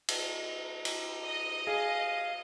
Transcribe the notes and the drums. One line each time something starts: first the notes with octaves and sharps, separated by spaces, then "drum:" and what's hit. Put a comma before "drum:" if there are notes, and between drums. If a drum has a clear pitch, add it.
drum: cymbal
drum: cymbal
D#5
G#4 F5